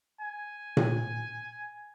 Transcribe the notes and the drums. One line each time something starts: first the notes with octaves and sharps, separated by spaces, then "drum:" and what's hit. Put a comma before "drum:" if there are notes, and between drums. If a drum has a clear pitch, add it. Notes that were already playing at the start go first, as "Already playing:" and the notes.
G#5
drum: tom A#2